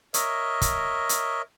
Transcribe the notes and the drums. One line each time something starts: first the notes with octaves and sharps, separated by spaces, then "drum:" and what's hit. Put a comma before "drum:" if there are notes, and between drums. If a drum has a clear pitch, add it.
A#4 C#5 D#5 E5, drum: hi-hat
drum: kick, hi-hat
drum: hi-hat